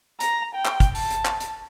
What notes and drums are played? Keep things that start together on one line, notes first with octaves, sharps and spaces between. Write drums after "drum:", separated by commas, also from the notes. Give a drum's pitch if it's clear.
A#5, drum: hi-hat
G5
drum: clap
drum: kick, hi-hat
A5, drum: open hi-hat
drum: hi-hat
drum: clap
drum: hi-hat